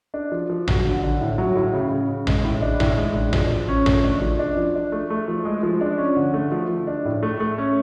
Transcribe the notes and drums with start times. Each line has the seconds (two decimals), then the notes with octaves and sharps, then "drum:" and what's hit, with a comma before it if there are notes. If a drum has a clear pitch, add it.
0.14 D4
0.32 F3
0.50 F3
0.68 F#3, drum: tom A1
0.85 D3
1.03 D3
1.21 A2
1.38 F#3
1.55 A2
1.73 C#3
1.91 C#3
2.09 C#3
2.27 G#3, drum: tom A1
2.44 A2
2.62 D4
2.80 A2, drum: tom A1
2.97 G#3
3.15 D4
3.33 F3, drum: tom A1
3.51 F3
3.69 C#4
3.86 A3, drum: tom A1
4.04 D4
4.22 F3
4.39 D4
4.57 F3
4.75 D4
4.92 A3
5.10 A3
5.28 F3
5.45 G#3
5.63 F3
5.81 D4
5.98 C#4
6.16 D3
6.34 A3
6.52 F3
6.70 F3
6.87 D4
7.05 A2
7.23 A3
7.40 A3
7.58 C#4